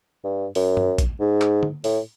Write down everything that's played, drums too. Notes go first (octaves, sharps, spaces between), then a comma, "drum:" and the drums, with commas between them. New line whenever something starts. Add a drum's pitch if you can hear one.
G2
F#2, drum: open hi-hat
drum: tom G2
drum: kick A#1, hi-hat
G#2
drum: clap
drum: tom D3
A2, drum: open hi-hat